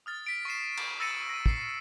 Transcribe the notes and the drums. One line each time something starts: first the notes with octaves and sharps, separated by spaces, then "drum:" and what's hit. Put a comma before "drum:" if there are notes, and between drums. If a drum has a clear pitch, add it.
D#6 F6 A6
B6 D7
C#6 B6 C7 E7
drum: cymbal
E6 A6 A#6 C#7 D#7 E7
A#6 D#7
C7, drum: kick